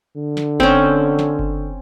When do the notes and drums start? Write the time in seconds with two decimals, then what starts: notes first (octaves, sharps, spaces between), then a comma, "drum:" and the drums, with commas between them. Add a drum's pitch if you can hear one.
0.16 D3
0.37 drum: snare
0.60 C4 C#4, drum: kick F#1
1.19 drum: snare
1.39 drum: kick F#1